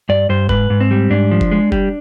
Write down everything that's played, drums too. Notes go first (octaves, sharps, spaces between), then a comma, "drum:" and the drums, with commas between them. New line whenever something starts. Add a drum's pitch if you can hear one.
G2 D5
G2 C5
G#2 B4, drum: kick F1
G#2
C4
G3
G#2 D4
F3
drum: kick F1
G#3
G3, drum: kick F1